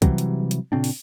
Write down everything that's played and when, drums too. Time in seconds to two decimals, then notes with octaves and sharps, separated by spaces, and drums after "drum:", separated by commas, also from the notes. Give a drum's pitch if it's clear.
0.02 C3 E3 F#3 G3, drum: kick, hi-hat
0.18 drum: hi-hat
0.51 drum: hi-hat
0.72 A#2 C#3 C4 D4
0.84 drum: open hi-hat